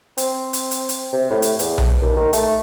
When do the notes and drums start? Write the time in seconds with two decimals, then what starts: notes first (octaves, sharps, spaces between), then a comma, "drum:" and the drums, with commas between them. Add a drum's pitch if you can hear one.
0.17 C4, drum: hi-hat
0.53 drum: hi-hat
0.71 drum: hi-hat
0.89 drum: hi-hat
1.13 C3
1.30 A2
1.42 drum: hi-hat
1.59 E2, drum: hi-hat
1.78 drum: tom B1
2.02 D#2
2.17 D#3
2.33 A3, drum: hi-hat